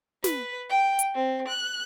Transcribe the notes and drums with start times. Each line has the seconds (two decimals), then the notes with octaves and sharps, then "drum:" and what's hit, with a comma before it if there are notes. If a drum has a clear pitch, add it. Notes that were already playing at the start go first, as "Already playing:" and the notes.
0.24 B4, drum: snare
0.69 G5
0.99 drum: hi-hat
1.15 C4
1.48 F#6